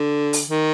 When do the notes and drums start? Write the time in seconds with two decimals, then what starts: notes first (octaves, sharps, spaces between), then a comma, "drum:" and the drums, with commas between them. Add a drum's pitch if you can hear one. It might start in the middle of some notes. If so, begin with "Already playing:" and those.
Already playing: D3
0.33 drum: open hi-hat
0.49 D#3